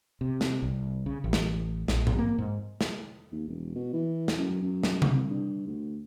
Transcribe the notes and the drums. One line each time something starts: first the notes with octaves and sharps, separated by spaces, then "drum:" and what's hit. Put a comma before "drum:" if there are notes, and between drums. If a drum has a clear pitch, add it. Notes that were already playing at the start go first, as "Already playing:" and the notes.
C3
drum: snare
C2
C#3
A1
drum: snare
A#1, drum: snare
drum: tom G#2
A#3
G#2
drum: snare
D#2
E1
B2
E3
drum: snare
F#2
F#2
drum: snare
drum: tom C3
C2
G2
D2